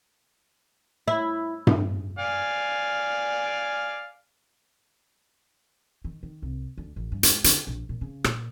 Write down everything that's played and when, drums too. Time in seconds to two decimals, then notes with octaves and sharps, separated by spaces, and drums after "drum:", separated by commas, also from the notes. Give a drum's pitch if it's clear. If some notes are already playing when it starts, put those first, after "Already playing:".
1.08 E4
1.67 drum: tom G2
2.19 D5 F5 G#5
6.04 D#3
6.23 D#3
6.42 C2
6.78 D2
6.96 A1
7.12 G2
7.23 G#2, drum: hi-hat
7.44 D3, drum: hi-hat
7.67 A#1
7.89 A#2
8.01 C#3
8.24 A#2, drum: rim click